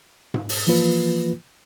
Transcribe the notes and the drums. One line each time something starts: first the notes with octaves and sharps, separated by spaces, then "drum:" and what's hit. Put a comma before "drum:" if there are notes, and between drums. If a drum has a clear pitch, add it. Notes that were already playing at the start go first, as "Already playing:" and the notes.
drum: tom G#2
drum: open hi-hat
E3 F3 A#3 F4 B4